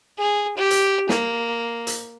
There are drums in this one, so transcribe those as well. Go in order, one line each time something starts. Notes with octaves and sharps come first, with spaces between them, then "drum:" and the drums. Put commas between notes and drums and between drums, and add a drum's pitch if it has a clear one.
G#4
G4
drum: hi-hat
A#3, drum: snare
drum: hi-hat